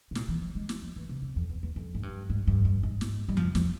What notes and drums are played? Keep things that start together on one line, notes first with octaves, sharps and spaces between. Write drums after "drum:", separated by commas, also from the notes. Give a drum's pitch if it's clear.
C3
A#2, drum: snare
E3
F3
G#3
drum: snare
F3
E3
C3
C3
F2
E2
E2
F2
G#2
G2
G#2
G2
G2
G#2
drum: snare
G3
F3, drum: tom F2
F3, drum: snare